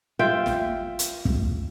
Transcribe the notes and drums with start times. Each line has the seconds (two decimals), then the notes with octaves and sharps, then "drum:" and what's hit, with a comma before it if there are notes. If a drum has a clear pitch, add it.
0.19 F4 E5 G5
0.46 drum: snare
0.99 drum: hi-hat
1.25 drum: kick